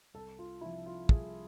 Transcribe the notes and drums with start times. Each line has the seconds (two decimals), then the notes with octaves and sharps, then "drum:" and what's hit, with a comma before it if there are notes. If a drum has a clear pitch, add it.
0.14 C2 A4
0.39 F4
0.61 C3 F3 E4
0.86 F4
1.09 C2 G#4, drum: kick